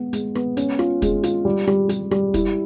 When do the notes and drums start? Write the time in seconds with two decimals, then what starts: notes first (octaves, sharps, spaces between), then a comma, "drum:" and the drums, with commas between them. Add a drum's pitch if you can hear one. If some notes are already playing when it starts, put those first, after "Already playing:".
Already playing: G#3 B3
0.13 G#3, drum: hi-hat
0.35 B3, drum: rim click
0.57 C#4, drum: hi-hat
0.79 F4, drum: rim click
1.02 G#3, drum: kick, hi-hat
1.23 F4, drum: hi-hat
1.45 G3
1.67 G3, drum: rim click
1.89 G3, drum: hi-hat
2.11 G3, drum: rim click
2.34 E4, drum: kick, hi-hat